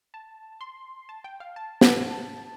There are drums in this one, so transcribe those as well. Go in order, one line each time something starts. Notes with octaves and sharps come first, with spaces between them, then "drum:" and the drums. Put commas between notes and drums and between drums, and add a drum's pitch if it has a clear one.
A5
C6
A5
G5
F5
A5
drum: snare